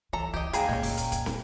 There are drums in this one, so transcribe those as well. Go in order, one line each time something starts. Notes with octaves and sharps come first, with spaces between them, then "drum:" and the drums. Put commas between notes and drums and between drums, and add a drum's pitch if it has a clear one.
E3 A4 A#5
E3 G4 D#5
D#2 G#4 F5 G5 A#5, drum: hi-hat
A#2 G#3 C#4
drum: kick, open hi-hat
drum: hi-hat
drum: kick, hi-hat
drum: snare